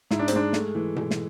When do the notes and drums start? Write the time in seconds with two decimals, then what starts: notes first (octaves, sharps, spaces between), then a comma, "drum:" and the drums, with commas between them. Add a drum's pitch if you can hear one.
0.11 G#2 E4, drum: snare
0.19 D4
0.28 C4, drum: hi-hat
0.32 G#3 D4
0.53 A3, drum: snare
0.75 E3
0.96 drum: tom B2
1.11 drum: snare